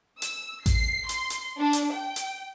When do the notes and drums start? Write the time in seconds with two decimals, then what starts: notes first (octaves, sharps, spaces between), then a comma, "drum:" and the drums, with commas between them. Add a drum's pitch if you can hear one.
0.22 E6, drum: hi-hat
0.66 C7, drum: kick A1, hi-hat
1.09 C6, drum: hi-hat
1.30 drum: hi-hat
1.59 D4
1.73 drum: hi-hat
1.93 G5
2.16 drum: hi-hat